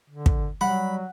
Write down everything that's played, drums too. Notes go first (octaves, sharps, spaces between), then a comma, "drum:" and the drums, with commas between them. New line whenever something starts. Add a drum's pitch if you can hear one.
D3
drum: kick
F#3 G3 F#5 B5